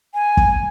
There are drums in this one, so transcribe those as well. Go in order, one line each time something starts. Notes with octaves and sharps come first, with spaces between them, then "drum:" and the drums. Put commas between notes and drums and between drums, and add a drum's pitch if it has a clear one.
G#5
drum: kick